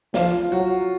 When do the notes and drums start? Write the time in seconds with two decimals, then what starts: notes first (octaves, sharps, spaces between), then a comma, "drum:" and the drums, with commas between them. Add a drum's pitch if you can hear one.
0.14 F3 F4, drum: snare
0.52 F#3 F#4